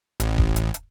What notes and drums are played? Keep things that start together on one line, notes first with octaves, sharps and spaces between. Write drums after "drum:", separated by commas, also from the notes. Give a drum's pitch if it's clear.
A1, drum: hi-hat
drum: kick E1
drum: hi-hat
drum: hi-hat